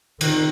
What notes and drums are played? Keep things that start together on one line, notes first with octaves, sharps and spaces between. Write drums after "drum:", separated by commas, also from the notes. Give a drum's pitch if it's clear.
D#3, drum: cymbal